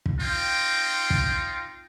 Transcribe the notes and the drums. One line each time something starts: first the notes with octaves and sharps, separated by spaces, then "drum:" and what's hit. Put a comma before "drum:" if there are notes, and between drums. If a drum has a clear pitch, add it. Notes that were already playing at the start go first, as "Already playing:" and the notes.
drum: kick
C4 D#4 F4 G5
drum: kick